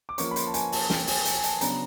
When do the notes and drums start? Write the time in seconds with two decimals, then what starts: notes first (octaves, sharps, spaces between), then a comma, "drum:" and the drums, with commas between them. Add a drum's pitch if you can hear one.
0.09 D6
0.18 F3 A#3 C#4 C#6, drum: hi-hat
0.31 B5
0.36 C6, drum: hi-hat
0.47 A5
0.54 G#5, drum: hi-hat
0.72 A5, drum: open hi-hat
0.90 G5, drum: snare
1.07 G#5, drum: open hi-hat
1.25 G#5, drum: hi-hat
1.37 G#5
1.43 A5, drum: hi-hat
1.61 C#3 F#3 B3 D4 A#5, drum: hi-hat